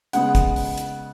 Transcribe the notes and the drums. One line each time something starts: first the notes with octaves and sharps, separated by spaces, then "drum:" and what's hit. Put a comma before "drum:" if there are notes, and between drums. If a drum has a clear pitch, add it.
C#3 G#3 B3 F#5, drum: hi-hat
drum: kick, hi-hat
drum: open hi-hat
drum: hi-hat